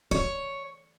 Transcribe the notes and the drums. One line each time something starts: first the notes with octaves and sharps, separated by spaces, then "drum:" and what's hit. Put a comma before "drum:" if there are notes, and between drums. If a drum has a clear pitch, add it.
C#5, drum: kick